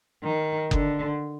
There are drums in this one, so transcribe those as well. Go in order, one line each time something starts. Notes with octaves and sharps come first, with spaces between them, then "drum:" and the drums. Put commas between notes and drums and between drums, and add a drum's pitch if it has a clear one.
D#3
D3, drum: kick F#1